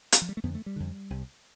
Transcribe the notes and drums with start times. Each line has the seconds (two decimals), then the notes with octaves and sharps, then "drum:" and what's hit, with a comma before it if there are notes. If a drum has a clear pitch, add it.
0.12 drum: hi-hat
0.22 F3
0.29 G3
0.37 A3
0.43 F2 D3 B3
0.55 A3
0.66 G3
0.76 F2 D3
1.10 C2 C3